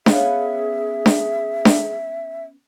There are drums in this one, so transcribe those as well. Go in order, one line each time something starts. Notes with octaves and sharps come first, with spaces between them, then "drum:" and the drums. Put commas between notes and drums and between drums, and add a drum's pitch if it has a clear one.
B3 C#4 G#4 E5 F5, drum: snare D4
drum: snare D4
drum: snare D4